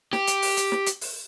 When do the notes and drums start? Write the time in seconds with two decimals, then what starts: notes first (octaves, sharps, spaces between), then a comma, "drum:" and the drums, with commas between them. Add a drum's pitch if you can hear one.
0.13 G4, drum: snare
0.28 drum: hi-hat
0.42 drum: open hi-hat
0.57 drum: hi-hat
0.72 drum: snare
0.87 drum: hi-hat
1.01 drum: open hi-hat